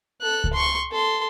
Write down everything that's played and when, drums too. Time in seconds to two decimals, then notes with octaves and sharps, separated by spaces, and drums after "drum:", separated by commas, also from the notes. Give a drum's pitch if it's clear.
0.21 A4 F#6
0.44 drum: kick C#2
0.53 C6 C#6
0.92 A4 C6